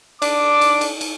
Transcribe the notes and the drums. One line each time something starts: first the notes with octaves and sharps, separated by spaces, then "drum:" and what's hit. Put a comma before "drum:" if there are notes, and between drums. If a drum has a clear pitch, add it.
D4 D6, drum: cymbal
drum: cymbal
drum: cymbal
drum: cymbal